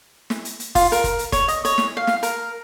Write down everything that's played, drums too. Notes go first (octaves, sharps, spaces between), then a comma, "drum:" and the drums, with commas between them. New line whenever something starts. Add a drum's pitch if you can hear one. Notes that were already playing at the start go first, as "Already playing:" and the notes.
drum: snare
drum: hi-hat
drum: hi-hat
F4, drum: kick G1, open hi-hat
A#4, drum: hi-hat
drum: kick G1, hi-hat
drum: hi-hat
C#5, drum: kick G1, hi-hat
D#5, drum: hi-hat
C#5, drum: hi-hat
drum: snare
F5
drum: snare
A#4, drum: hi-hat